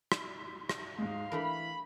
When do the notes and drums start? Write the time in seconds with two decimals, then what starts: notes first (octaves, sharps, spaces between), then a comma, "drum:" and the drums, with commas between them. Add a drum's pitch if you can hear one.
0.12 drum: rim click
0.69 drum: rim click
0.98 G#2 G#3 F5
1.32 E3 A3 D4 A#4 B5